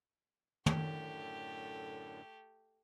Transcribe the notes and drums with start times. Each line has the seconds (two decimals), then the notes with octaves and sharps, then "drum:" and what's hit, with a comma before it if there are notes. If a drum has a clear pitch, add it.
0.66 F#2 A2 D3 A3 G4, drum: tom